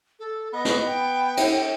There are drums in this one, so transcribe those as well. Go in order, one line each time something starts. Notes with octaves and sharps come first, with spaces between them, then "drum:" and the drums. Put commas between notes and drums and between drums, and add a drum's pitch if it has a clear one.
A4
B3 D#5
drum: snare
G5
drum: cymbal